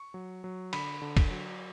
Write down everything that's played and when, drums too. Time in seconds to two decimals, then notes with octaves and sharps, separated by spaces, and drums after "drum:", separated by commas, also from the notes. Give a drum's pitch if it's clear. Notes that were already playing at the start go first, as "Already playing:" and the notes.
Already playing: C#6
0.14 F#3
0.44 F#3
0.73 D3 B5, drum: cymbal
1.02 D3
1.17 drum: kick, cymbal
1.31 F#3